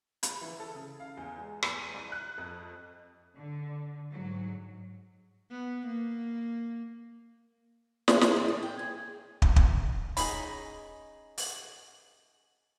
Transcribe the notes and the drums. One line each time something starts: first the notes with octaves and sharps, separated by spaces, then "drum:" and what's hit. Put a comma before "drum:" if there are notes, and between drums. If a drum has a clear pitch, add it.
B5, drum: hi-hat
E3
A4
C#3
F5
E2
G#3
E2, drum: rim click
D#7
C2
F#6
F2
D3
G#2 F#3
B3
A#3
G#5, drum: snare
D#4, drum: snare
A2
F3
G5
G#4
drum: kick
drum: kick
C#4 D#4 G#4 B5, drum: open hi-hat
drum: open hi-hat